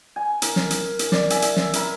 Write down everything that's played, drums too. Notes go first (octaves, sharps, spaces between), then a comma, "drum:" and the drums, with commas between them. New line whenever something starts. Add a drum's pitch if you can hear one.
G#5
A#4, drum: hi-hat
drum: snare
drum: hi-hat
drum: hi-hat
D5, drum: snare
E5 G#5, drum: hi-hat
drum: hi-hat
drum: snare
E4 A#4 E5, drum: hi-hat